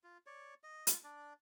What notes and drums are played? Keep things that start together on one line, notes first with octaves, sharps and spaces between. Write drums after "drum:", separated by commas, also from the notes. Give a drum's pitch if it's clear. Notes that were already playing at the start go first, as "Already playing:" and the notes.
F4
C#5 D5
D#5
F4, drum: hi-hat
D4 D5